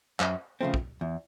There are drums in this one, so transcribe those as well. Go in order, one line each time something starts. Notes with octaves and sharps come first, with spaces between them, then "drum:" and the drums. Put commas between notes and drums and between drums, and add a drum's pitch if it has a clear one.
F#2, drum: clap
C#3 F3 A3 C4
drum: kick
E2